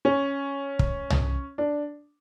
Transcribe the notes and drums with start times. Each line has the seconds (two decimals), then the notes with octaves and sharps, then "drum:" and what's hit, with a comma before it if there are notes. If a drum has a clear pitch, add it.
0.05 C#4
0.79 drum: kick
1.10 drum: tom
1.58 D4